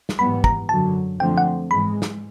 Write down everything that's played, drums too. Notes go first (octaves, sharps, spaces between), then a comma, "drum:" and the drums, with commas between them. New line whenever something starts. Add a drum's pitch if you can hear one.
drum: snare
G#2 E3 G3 B3 B5
A#5, drum: kick
F#2 D3 F#3 A5
D3 F3 A3 C4 G5
F#5
G#2 E3 G#3 B5
drum: snare